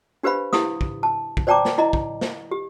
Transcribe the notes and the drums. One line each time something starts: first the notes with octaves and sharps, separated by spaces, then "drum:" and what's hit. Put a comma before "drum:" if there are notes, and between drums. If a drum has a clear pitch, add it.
D4 G4 B4 C5 F5 B5
E4 G4 F5 D#6, drum: snare
drum: kick
A5
drum: kick
C5 D5 G5 A5 A#5 D6
drum: snare
E4 D#5 A#5
drum: kick
drum: snare
G4